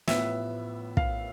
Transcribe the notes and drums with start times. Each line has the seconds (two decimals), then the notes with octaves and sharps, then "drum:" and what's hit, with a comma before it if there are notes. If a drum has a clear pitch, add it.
0.08 A1 A2 F3 B3 E5, drum: snare
0.97 F5, drum: kick